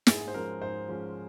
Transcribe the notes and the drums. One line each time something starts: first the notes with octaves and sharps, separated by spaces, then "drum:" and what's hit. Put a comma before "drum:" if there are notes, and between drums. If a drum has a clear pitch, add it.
G#2 G#4, drum: snare
C5
F3 G#3 C#4 A#4
G#2 C5
F3 G#3 C#4